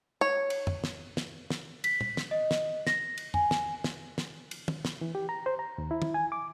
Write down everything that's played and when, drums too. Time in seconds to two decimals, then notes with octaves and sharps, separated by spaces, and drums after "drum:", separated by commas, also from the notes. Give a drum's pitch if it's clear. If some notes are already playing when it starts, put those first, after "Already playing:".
0.21 C#5
0.50 drum: cymbal
0.67 drum: tom
0.84 drum: snare
1.17 drum: snare
1.50 drum: snare
1.84 B6, drum: cymbal
2.01 drum: tom
2.17 drum: snare
2.31 D#5
2.51 drum: snare
2.87 A#6, drum: snare
3.18 drum: cymbal
3.34 G#5, drum: tom
3.51 drum: snare
3.84 drum: snare
4.18 drum: snare
4.51 drum: cymbal
4.68 drum: tom
4.85 drum: snare
5.01 E3
5.15 G4
5.29 A#5
5.46 C5
5.59 A#5
5.78 D#2
5.91 E4
6.02 drum: tom
6.14 G#5
6.32 D6